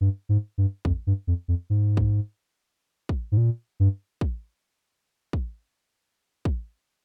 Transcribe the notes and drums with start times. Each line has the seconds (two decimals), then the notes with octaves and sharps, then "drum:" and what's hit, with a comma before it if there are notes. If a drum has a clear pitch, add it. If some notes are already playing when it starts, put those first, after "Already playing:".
0.01 G2
0.29 G#2
0.58 G2
0.85 F2, drum: kick
1.07 G2
1.27 F2
1.48 F2
1.70 G#2
1.97 drum: kick
3.09 drum: kick
3.32 G#2
3.37 A#2
3.80 G2
4.21 drum: kick
5.33 drum: kick
6.45 drum: kick